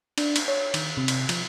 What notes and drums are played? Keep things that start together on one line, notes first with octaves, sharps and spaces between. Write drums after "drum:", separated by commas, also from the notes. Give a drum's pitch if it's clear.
D4, drum: cymbal
drum: cymbal
C#5
D#3, drum: cymbal
C3
drum: cymbal
F3, drum: cymbal